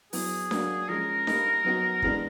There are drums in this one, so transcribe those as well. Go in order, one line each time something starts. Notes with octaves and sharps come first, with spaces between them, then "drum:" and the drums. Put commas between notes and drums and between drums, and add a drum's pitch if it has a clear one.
F#3 B3 E4 G#4, drum: open hi-hat
F#3 A#3 D4 F#4, drum: snare D4
F3 G#3 C#4 A#4
G3 A#3 D#4, drum: snare D4
F#3 B3 D#4 F#4
E3 G#3 B3 D4 A#4, drum: kick